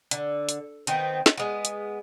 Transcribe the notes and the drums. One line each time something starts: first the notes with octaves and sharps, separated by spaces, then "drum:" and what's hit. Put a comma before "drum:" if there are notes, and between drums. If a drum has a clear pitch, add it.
D3, drum: hi-hat
drum: hi-hat
D#3 B3 C4, drum: hi-hat
drum: snare
G#3 B3
drum: hi-hat